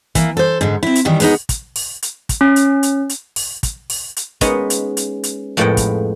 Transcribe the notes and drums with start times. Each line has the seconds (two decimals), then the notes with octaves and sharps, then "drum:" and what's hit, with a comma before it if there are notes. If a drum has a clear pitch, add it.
0.15 E3 A#3, drum: kick, hi-hat
0.37 A4 C5
0.61 G#2 D3
0.83 C4 E4
0.95 drum: hi-hat
1.05 D#3 E3 G3
1.20 G#3 B3 D#4, drum: open hi-hat
1.49 drum: kick, hi-hat
1.76 drum: open hi-hat
2.02 drum: hi-hat
2.29 drum: kick, hi-hat
2.41 C#4
2.56 drum: hi-hat
2.83 drum: hi-hat
3.09 drum: hi-hat
3.36 drum: open hi-hat
3.63 drum: kick, hi-hat
3.90 drum: open hi-hat
4.16 drum: hi-hat
4.41 G#3 B3 C#4 D#4, drum: kick, hi-hat
4.70 drum: hi-hat
4.97 drum: hi-hat
5.23 drum: hi-hat
5.57 F2 A2 G#3 B3 A4 G5
5.77 drum: kick, hi-hat